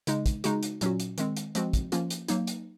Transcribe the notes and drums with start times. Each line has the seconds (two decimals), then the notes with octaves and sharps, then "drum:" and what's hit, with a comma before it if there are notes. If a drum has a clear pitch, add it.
0.07 C#3 G#3 D#4, drum: hi-hat
0.26 drum: kick, hi-hat
0.44 C#3 G#3 D#4 F#4, drum: hi-hat
0.63 drum: hi-hat
0.81 A#2 F#3 C#4 F#4, drum: hi-hat
1.00 drum: hi-hat
1.18 D#3 G#3 C4, drum: hi-hat
1.37 drum: hi-hat
1.55 F3 G#3 C4 F#4, drum: hi-hat
1.73 drum: kick, hi-hat
1.92 F3 A#3 C#4 F4, drum: hi-hat
2.10 drum: hi-hat
2.28 F#3 A#3 D#4, drum: hi-hat
2.47 drum: hi-hat